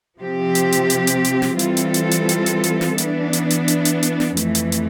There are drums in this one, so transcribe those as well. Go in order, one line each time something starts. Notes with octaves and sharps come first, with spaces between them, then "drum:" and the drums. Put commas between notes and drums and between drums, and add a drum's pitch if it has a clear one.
C3 F3 C4 G4
drum: hi-hat
drum: hi-hat
drum: hi-hat
drum: hi-hat
drum: hi-hat
drum: snare
E3 G3 C4 F4 A4, drum: hi-hat
drum: hi-hat
drum: hi-hat
drum: hi-hat
drum: hi-hat
drum: hi-hat
drum: hi-hat
drum: snare
E3 B3 D4, drum: hi-hat
drum: hi-hat
drum: hi-hat
drum: hi-hat
drum: hi-hat
drum: hi-hat
drum: snare
F2 E3 A3, drum: hi-hat
drum: hi-hat
drum: hi-hat